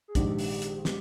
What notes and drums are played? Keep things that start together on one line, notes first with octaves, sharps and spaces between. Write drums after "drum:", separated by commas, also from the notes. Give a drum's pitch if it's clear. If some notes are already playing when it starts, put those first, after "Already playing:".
G#4
A#1 G#2 D#3 G#3 D4 G4, drum: kick, hi-hat
drum: open hi-hat
drum: hi-hat
G#3 G4, drum: snare